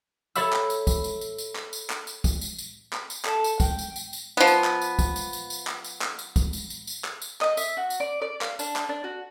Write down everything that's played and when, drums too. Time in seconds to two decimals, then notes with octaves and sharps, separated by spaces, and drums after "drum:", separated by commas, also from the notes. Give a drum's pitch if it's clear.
0.36 A4 C#5 E5 B5 E6, drum: tambourine
0.53 drum: clap
0.70 drum: tambourine
0.87 drum: kick, tambourine
1.04 drum: tambourine
1.21 drum: tambourine
1.38 drum: tambourine
1.56 drum: clap
1.73 drum: tambourine
1.90 drum: clap
2.07 drum: tambourine
2.24 drum: kick, tambourine
2.41 drum: tambourine
2.58 drum: tambourine
2.93 drum: clap
3.10 drum: tambourine
3.25 A4, drum: clap
3.44 drum: tambourine
3.60 G5, drum: kick, tambourine
3.79 drum: tambourine
3.96 drum: tambourine
4.13 drum: tambourine
4.37 F3 B3
4.47 drum: tambourine
4.64 drum: clap
4.81 drum: tambourine
4.99 drum: kick, tambourine
5.16 drum: tambourine
5.33 drum: tambourine
5.50 drum: tambourine
5.67 drum: clap
5.84 drum: tambourine
6.02 drum: clap
6.19 drum: tambourine
6.36 drum: kick, tambourine
6.53 drum: tambourine
6.70 drum: tambourine
6.87 drum: tambourine
7.04 drum: clap
7.22 drum: tambourine
7.41 D#5, drum: clap
7.57 E5, drum: tambourine
7.77 F#4
7.90 drum: tambourine
8.00 D5
8.22 D5
8.41 F5, drum: clap
8.59 D4, drum: tambourine
8.76 drum: clap
8.89 D4
9.04 F#4